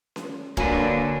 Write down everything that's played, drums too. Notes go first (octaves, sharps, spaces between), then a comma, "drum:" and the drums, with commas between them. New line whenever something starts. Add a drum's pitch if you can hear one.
drum: snare C#4
D3 F#3 A#3 D4 B4 G#5, drum: kick